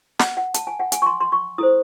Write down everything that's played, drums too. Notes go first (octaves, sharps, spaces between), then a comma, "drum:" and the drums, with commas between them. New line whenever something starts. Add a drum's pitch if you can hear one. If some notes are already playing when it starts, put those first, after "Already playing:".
F#5, drum: snare
F#5
A5, drum: hi-hat
G#5
F#5
G#5, drum: hi-hat
C#6
C6
C6
C#6
E4 A4 C5 D#6